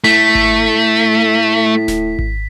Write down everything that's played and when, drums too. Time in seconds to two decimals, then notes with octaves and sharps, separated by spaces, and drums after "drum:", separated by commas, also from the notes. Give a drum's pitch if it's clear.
0.04 A2 A3 B6
0.35 drum: kick G#1
1.88 drum: snare D1
2.19 drum: kick G#1